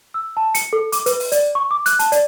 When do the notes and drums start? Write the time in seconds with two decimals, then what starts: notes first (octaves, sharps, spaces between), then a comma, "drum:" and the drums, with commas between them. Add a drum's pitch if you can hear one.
0.14 E6
0.37 A5
0.55 C#7, drum: hi-hat
0.73 A4
0.92 D6, drum: hi-hat
1.06 B4, drum: hi-hat
1.20 drum: open hi-hat
1.32 D5, drum: hi-hat
1.55 C#6
1.71 D6
1.86 F#6, drum: hi-hat
1.99 A5, drum: hi-hat
2.12 D5, drum: hi-hat